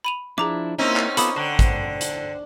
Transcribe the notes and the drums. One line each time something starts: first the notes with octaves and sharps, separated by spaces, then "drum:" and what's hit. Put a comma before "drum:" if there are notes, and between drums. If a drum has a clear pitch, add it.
B5 D#7 F7
F3 D4 E4 G#4 A#5 D6
A#3 C4 C#4 D#4 E4
drum: clap
B3 F4 A4 B5 D6 D#6, drum: hi-hat
D3 C5 F#5 G5
drum: kick A1, hi-hat
drum: hi-hat